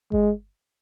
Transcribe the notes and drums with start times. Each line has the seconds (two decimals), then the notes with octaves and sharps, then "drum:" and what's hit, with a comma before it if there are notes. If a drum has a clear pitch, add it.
0.12 G#3, drum: kick G1